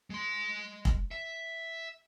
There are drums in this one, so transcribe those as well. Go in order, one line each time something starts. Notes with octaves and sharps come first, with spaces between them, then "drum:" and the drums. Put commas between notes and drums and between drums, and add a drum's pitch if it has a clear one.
G#3 C6
drum: kick
E5